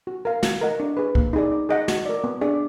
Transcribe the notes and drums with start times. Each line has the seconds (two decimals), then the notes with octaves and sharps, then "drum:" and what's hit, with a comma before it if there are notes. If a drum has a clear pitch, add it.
0.07 F#4
0.25 A#4 F5
0.43 F#4, drum: snare
0.61 A#4 D#5 F#5
0.80 D4
0.97 G#4 B4
1.15 A#3, drum: kick
1.33 D#4 G#4 D5
1.52 D#4
1.69 G#4 D#5 F#5
1.88 F#4, drum: snare
2.05 A#4 D5
2.24 B3
2.41 D4 G#4 D5